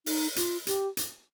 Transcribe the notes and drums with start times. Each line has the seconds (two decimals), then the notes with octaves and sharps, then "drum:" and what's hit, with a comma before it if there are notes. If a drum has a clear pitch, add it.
0.06 D#4, drum: open hi-hat
0.36 F4, drum: hi-hat
0.67 G4, drum: hi-hat
0.97 drum: hi-hat